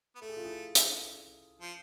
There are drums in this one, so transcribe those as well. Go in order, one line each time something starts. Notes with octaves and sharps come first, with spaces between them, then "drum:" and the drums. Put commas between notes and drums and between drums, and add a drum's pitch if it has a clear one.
B3
A3 A4
G#4
F4
E4 G#4
drum: hi-hat
F3